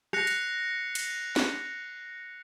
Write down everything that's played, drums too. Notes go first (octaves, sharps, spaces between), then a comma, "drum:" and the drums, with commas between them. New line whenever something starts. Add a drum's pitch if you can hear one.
F#6 A#6 C7 C#7 F7, drum: rim click
drum: hi-hat
drum: cymbal
drum: snare